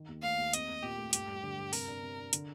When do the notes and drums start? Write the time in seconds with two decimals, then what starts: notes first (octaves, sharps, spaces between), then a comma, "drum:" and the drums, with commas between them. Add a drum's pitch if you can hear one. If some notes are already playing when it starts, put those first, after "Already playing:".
Already playing: D#3
0.08 D#2
0.23 A3 F5
0.38 D#2
0.53 C4 D#5, drum: hi-hat
0.68 C4
0.83 A#2 G4
0.98 A3
1.13 G2 G4, drum: hi-hat
1.28 G3
1.43 D3
1.58 G2
1.73 C3 A#4, drum: open hi-hat
1.88 D4
2.02 C3
2.18 D4
2.33 D3, drum: hi-hat